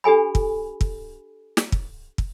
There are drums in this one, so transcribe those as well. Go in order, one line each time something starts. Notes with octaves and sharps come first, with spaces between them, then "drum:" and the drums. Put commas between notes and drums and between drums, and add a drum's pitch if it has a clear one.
D4 G4 A4 G#5 B5
drum: kick
drum: kick
drum: snare
drum: kick
drum: kick